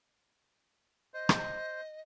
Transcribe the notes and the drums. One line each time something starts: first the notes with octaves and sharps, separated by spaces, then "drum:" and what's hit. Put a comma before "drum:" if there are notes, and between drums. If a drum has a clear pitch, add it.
C5 D#5
drum: rim click